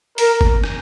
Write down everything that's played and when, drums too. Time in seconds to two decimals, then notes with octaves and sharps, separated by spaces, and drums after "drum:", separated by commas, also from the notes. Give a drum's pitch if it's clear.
0.18 A#4, drum: hi-hat
0.41 drum: kick
0.64 drum: rim click